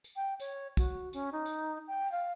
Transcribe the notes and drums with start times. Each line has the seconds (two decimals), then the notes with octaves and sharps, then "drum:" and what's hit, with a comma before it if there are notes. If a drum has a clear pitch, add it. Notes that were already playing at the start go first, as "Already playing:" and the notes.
0.04 drum: tambourine
0.16 G5
0.40 C#5, drum: tambourine
0.77 F#4, drum: kick, tambourine
1.13 C#4, drum: tambourine
1.32 D#4
1.46 drum: tambourine
1.87 G5
2.12 F5